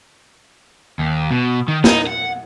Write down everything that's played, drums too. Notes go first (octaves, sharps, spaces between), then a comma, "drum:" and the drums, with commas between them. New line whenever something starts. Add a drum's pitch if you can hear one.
D#2
B2
D#3
D#4, drum: snare
F#5